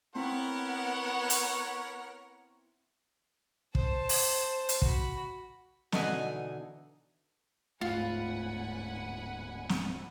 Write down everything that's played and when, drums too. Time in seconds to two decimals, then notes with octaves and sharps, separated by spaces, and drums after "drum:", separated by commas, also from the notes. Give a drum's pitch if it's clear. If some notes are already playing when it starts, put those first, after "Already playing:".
0.15 B3 C4 E4 A#4 C#5 F#5
1.30 drum: hi-hat
3.75 C5 A5, drum: kick
4.09 drum: open hi-hat
4.69 drum: hi-hat
4.82 F#4 B5, drum: kick
5.92 B2 D3 E3 D#4 F#5 G#5, drum: snare
7.81 D1 G#2 A3 F4 F#5 G#5 B5
9.69 drum: snare